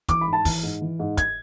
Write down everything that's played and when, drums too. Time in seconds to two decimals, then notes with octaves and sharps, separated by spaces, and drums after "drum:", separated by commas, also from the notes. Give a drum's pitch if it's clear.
0.08 E3 D6, drum: kick, hi-hat
0.21 B5
0.27 G#2
0.33 A5
0.45 E3, drum: kick, open hi-hat
0.63 G#2
0.81 E3
0.99 G#2
1.17 G#6, drum: kick, hi-hat